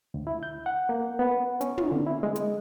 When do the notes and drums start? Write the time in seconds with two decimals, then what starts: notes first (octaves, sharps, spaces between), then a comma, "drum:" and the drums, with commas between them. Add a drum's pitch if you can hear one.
0.14 D2
0.27 E4
0.43 G6
0.66 F#5
0.89 A#3
1.19 B3
1.61 C#4, drum: hi-hat
1.78 drum: tom
1.92 D3
2.07 E4
2.23 G#3
2.36 drum: hi-hat